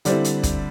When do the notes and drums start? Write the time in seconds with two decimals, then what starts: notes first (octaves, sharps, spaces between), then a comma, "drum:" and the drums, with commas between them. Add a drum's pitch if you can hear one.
0.05 D3 G3 C4 E4 D5, drum: hi-hat
0.24 drum: hi-hat
0.43 drum: kick, hi-hat